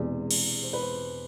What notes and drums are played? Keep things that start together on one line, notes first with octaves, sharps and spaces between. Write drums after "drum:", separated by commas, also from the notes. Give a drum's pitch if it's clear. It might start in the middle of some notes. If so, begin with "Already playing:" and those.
Already playing: E1 E2 C3 G#3 D5
drum: cymbal
C5
B4
C5